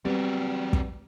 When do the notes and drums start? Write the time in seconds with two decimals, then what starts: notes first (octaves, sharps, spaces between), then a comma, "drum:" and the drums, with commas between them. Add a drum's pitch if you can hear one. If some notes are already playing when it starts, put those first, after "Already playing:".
0.05 F#3 G3 B3 C4 G4
0.73 drum: kick